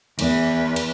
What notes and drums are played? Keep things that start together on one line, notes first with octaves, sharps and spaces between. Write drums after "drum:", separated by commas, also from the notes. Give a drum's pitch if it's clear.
E2 B4, drum: cymbal
drum: cymbal